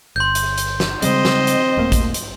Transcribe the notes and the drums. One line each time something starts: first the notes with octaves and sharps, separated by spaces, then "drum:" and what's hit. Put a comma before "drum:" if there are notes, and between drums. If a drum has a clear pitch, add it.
G1 C6 G6
drum: hi-hat
drum: hi-hat
drum: snare
C#3 G3 G#3 C4 C5 D#5, drum: hi-hat
drum: snare
drum: hi-hat
D#1 A3 A#3
drum: kick A1, hi-hat
drum: hi-hat